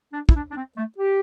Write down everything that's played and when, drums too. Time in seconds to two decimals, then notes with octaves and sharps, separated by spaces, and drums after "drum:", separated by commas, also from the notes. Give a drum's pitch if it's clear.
0.12 D4
0.29 E4, drum: kick
0.34 D4
0.50 D4
0.55 C4
0.77 A3
0.98 G4